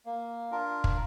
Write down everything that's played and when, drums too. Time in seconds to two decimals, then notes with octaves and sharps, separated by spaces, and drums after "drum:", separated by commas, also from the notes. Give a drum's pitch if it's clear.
0.06 A#3
0.51 D4 F4 A#4
0.84 drum: kick